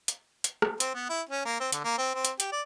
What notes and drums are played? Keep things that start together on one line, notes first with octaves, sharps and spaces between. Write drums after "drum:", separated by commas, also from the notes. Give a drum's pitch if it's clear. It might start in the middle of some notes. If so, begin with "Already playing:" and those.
drum: hi-hat
drum: hi-hat
drum: rim click
C4, drum: hi-hat
B3
E4
C#4
A#3
C4
D3, drum: hi-hat
A#3
C4
C4
drum: hi-hat
G4, drum: hi-hat
D5